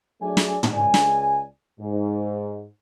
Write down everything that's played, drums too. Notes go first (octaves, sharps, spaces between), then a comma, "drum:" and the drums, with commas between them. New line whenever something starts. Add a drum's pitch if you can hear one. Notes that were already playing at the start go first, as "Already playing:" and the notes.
F#3 A3 D4 G#4 D5 G#5
drum: snare
drum: tom
C#2 G#3 D5 G#5
drum: snare
G#2